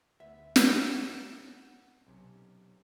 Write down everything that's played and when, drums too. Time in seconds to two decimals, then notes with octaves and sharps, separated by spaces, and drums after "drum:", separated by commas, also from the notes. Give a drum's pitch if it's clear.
0.20 D2 B3 E5
0.56 drum: snare
1.54 F#5
2.07 B1 C3 C#4